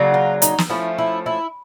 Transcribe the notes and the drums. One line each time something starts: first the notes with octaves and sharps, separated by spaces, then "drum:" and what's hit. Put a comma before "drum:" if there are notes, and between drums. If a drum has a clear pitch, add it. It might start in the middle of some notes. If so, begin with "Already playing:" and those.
Already playing: C#3 F#3 A#3 D4
F4
D#4, drum: hi-hat
drum: snare
F3 A3 C#4 E4
E4
E4